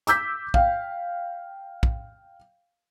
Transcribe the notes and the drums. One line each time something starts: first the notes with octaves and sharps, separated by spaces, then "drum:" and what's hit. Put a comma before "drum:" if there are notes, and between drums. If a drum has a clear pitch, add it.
D6 E6 G6 B6, drum: hi-hat
F5 G5, drum: kick
drum: kick